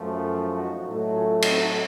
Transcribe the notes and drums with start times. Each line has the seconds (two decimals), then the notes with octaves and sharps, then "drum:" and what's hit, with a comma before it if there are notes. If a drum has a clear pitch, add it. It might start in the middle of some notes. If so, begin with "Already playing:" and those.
Already playing: F#2 F3 A3
0.57 D#4 F#4
0.86 A2 F#3 A3
1.14 C#4 F4
1.42 C4 D#4, drum: cymbal